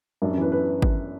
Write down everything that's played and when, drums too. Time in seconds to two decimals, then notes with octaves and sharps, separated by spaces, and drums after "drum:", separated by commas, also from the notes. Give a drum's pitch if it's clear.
0.22 F#2 D4
0.31 C#4
0.37 E3 B3 B4
0.52 B4
0.82 drum: kick G#1